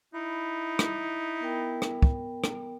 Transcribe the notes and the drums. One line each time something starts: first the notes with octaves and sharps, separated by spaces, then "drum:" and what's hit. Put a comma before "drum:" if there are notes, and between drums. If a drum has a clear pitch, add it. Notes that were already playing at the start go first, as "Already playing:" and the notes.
D#4 E4 B5
drum: rim click
B3 A#4 G5
drum: rim click
drum: kick
drum: rim click